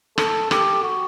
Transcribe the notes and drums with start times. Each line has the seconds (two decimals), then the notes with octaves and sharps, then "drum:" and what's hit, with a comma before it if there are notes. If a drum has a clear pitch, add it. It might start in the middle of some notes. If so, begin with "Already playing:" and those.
0.18 A4, drum: rim click
0.51 G4, drum: rim click
0.83 F#4